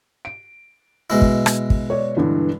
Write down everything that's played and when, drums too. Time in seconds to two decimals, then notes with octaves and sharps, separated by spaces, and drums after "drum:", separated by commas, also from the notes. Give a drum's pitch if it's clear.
0.25 D7
1.10 B2 G#3 E4
1.22 drum: kick
1.46 drum: rim click
1.70 drum: kick
1.90 C#5 D5
2.17 G2 D3 E3